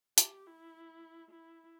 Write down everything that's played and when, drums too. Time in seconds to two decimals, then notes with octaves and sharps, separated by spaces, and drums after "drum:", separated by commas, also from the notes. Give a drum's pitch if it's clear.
0.18 G4, drum: hi-hat
0.47 E4
1.31 E4